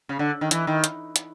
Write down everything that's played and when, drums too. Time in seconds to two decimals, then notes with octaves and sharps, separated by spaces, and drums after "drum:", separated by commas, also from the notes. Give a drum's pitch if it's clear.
0.09 C#3
0.19 D3
0.41 D#3
0.51 E3, drum: hi-hat
0.67 D#3
0.84 drum: hi-hat
1.16 drum: hi-hat